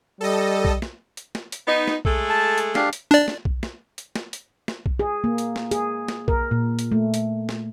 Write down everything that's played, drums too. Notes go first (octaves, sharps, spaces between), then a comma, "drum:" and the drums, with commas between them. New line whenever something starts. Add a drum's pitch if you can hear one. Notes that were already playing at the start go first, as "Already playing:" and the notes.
G3 A4 D#5
drum: kick B1
drum: snare
drum: hi-hat
drum: snare
drum: hi-hat
B3 D#4
drum: snare
G#3 A3 A4, drum: kick B1
A5
drum: hi-hat
D4 G4 F5, drum: snare
drum: hi-hat
D4 D5
drum: snare
drum: kick B1
drum: snare
drum: hi-hat
drum: snare
drum: hi-hat
drum: snare
drum: kick B1
G#4
A#3
drum: hi-hat
drum: snare
G#4, drum: hi-hat
drum: snare
A#4, drum: kick B1
A#2
drum: hi-hat
A3
drum: hi-hat
drum: snare